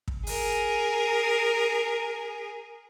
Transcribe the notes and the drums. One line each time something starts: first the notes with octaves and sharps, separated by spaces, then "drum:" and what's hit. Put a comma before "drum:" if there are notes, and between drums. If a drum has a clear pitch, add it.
drum: kick
G#4 A#4, drum: open hi-hat